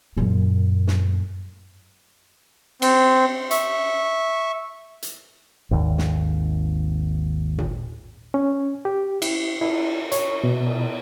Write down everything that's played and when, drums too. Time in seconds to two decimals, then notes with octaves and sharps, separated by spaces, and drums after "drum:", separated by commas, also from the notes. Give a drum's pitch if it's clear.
0.17 F#2 A#2
0.87 drum: snare
2.82 C4, drum: cymbal
3.51 E5 C#6, drum: hi-hat
5.02 drum: hi-hat
5.71 G#1 D#2
5.98 drum: snare
7.58 drum: tom A#2
8.34 C#4
8.85 G4
9.22 E4, drum: cymbal
9.61 E4, drum: cymbal
10.12 C#5, drum: hi-hat
10.44 B2
10.67 drum: cymbal